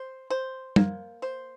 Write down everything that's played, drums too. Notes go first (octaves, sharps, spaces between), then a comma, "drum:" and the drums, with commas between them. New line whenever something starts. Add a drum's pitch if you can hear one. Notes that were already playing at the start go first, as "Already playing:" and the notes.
Already playing: C5
C5
A#3, drum: tom
C5